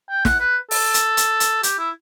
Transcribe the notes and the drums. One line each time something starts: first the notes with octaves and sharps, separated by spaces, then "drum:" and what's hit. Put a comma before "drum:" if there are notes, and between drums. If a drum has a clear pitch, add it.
G5
F#5, drum: snare
B4
A4, drum: open hi-hat
drum: hi-hat
drum: hi-hat
drum: hi-hat
G4, drum: hi-hat
E4